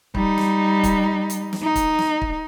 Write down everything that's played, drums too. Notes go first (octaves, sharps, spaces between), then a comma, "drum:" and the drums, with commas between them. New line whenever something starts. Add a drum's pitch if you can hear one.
G3 D#4, drum: kick
drum: snare
drum: kick, hi-hat
drum: hi-hat
drum: snare
D#4
drum: kick, hi-hat
drum: snare
drum: kick